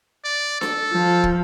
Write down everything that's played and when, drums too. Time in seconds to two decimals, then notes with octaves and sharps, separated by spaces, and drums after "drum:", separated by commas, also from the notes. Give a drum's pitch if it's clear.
0.24 D5
0.61 A4, drum: snare D4
0.92 F3
1.24 drum: kick